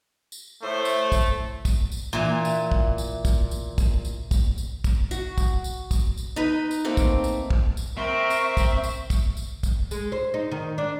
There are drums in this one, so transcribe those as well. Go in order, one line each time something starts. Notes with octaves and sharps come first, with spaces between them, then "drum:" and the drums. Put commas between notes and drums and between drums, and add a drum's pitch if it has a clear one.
drum: tambourine
A2 A3 C5
drum: tambourine
drum: kick, tambourine
drum: kick, tambourine
drum: tambourine
A#2 E3
drum: tambourine
drum: kick
drum: tambourine
drum: kick, tambourine
drum: tambourine
drum: kick, tambourine
drum: tambourine
drum: kick, tambourine
drum: tambourine
drum: kick, tambourine
F#4, drum: tambourine
drum: kick, tambourine
drum: tambourine
drum: kick, tambourine
drum: tambourine
D#4 B4
drum: tambourine
A3 A#3 C4
drum: kick, tambourine
drum: tambourine
drum: kick
drum: tambourine
C4 A#4 E5 C#6
drum: tambourine
drum: kick, tambourine
drum: tambourine
drum: kick, tambourine
drum: tambourine
drum: kick, tambourine
G#3, drum: tambourine
C5
D#4
D#3
D4